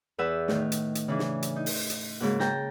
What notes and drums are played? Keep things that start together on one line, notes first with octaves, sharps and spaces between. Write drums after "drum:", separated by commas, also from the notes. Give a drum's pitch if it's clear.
E2 B4 E5 F#5 E6
A2 D#3, drum: snare
drum: hi-hat
drum: hi-hat
C#3 E3 D4
drum: snare
drum: hi-hat
D#4
drum: open hi-hat
drum: hi-hat
G#2 C#3 A#3 F#4
G5 A5 A#5, drum: snare